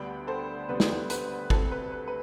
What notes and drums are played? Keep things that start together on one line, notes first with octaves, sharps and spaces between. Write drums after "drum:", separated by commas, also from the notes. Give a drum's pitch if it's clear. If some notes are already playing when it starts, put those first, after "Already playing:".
Already playing: D2 D3 G3 B3 D4 G5 B5
A4 C5
D2 D3 G3 B3 D4 B4
drum: snare
B4, drum: hi-hat
D2 C3 G3 C4 A4, drum: kick
B4
B4
B4